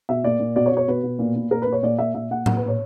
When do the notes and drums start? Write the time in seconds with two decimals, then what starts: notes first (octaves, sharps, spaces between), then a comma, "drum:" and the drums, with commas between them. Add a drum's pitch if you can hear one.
0.09 B2 E5
0.24 A#2 D5
0.40 A#2
0.56 B2 D5
0.66 C#5
0.71 B2
0.77 C#5
0.88 B2 B4
1.03 B2
1.19 A#2
1.36 A#2
1.51 A#2 A#4
1.62 A#2 B4
1.72 C#5
1.83 A#2 D5
1.99 A#2 E5
2.14 A#2 E5
2.31 A#2 F#5
2.46 A#2 F#5, drum: tom A2
2.57 B4
2.63 A#2
2.68 C#5